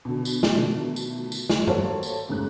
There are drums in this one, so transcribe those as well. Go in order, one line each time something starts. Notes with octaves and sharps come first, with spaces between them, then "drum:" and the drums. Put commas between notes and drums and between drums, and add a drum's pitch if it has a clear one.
B2 D3
drum: tambourine
drum: snare
B2 D3 D#3 F3 A3
drum: tambourine
drum: tambourine
drum: snare
G3 A#3 F#4 A4 C5 C#5, drum: tom G2
drum: tambourine
F#1 G#2 F#6